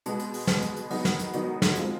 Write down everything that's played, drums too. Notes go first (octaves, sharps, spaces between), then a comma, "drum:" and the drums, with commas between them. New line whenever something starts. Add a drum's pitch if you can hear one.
B2 G#3 B3, drum: hi-hat
drum: hi-hat
drum: open hi-hat
B2 G#3 B3, drum: snare
drum: hi-hat
drum: hi-hat
D#3 F#3 B3 D#4 F#4, drum: open hi-hat
drum: snare
drum: hi-hat
D#3 F#3 B3 D#4 F#4, drum: hi-hat
drum: snare
F3 G#3 C4 F4, drum: hi-hat